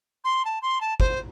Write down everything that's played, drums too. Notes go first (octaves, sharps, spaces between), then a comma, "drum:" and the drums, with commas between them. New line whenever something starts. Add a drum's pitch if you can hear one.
C6
A5
C6
A5
C5, drum: kick